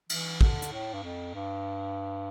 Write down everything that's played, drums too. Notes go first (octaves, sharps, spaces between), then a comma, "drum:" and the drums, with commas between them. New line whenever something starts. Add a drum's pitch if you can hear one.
E3, drum: cymbal
D3, drum: kick
drum: hi-hat
A2
G2
F2
G2